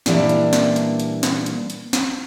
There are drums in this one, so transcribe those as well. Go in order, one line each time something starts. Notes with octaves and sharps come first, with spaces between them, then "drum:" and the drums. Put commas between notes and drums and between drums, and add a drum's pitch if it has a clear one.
A#2 E3 G3 A#3 D4, drum: snare
drum: hi-hat
drum: snare
drum: hi-hat
drum: hi-hat
drum: snare
drum: hi-hat
drum: hi-hat
drum: snare